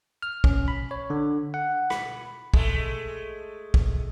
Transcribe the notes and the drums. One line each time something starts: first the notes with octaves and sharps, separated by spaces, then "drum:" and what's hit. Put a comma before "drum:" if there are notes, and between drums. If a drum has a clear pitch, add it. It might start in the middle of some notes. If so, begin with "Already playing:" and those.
F6
C#4, drum: kick
B5
C#5
D3
F#5
B5, drum: rim click
G#3 A3, drum: kick
drum: kick